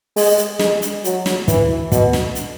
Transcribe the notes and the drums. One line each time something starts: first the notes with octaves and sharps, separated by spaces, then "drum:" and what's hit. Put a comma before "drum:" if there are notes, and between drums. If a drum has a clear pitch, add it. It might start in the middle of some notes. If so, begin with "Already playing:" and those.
G#3, drum: open hi-hat
drum: hi-hat
G#3, drum: snare
drum: hi-hat
F#3, drum: hi-hat
drum: snare
E3, drum: kick, hi-hat
B2, drum: kick, hi-hat
drum: snare
drum: hi-hat